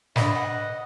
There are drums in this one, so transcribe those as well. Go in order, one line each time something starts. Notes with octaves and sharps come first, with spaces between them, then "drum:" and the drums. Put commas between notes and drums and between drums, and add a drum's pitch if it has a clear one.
D4 B4 D#5, drum: snare
F#5